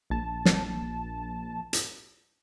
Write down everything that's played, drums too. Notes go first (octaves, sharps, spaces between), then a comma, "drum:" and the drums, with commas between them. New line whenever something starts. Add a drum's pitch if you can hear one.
A#1 A5
drum: snare
drum: hi-hat